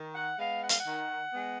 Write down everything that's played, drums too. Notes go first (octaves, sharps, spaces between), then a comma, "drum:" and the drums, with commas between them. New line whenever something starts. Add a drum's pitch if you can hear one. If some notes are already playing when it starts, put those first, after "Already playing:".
Already playing: D#3
F#5
G#3 B3 F5
F#5
F5, drum: hi-hat
F#5
D#3
G#3 B3